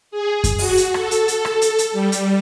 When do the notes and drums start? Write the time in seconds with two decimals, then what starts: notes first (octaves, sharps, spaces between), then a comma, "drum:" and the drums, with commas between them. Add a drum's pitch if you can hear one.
0.11 G#4
0.44 drum: kick F#2, hi-hat
0.58 F#4, drum: open hi-hat
0.77 drum: hi-hat
0.94 A4, drum: rim click
1.11 drum: hi-hat
1.28 drum: hi-hat
1.45 drum: rim click
1.62 drum: hi-hat
1.78 drum: hi-hat
1.92 G3
2.12 drum: hi-hat